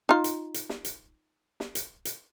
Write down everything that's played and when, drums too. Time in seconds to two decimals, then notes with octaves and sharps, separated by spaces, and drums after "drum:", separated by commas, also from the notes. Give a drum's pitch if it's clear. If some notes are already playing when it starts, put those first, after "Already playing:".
0.09 D#4 F4
0.24 drum: hi-hat
0.54 drum: hi-hat
0.69 drum: snare
0.85 drum: hi-hat
1.60 drum: snare
1.75 drum: hi-hat
2.05 drum: hi-hat